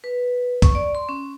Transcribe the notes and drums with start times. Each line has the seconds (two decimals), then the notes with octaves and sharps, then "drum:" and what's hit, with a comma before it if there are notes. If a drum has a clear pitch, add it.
0.04 B4
0.62 C#6, drum: kick, hi-hat
0.75 D5
0.95 C6
1.09 C#4